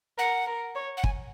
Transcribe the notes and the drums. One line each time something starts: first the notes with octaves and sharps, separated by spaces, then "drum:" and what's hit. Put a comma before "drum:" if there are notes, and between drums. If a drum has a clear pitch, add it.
A#4 F#5
A#4
C#5
F#5
G#5, drum: kick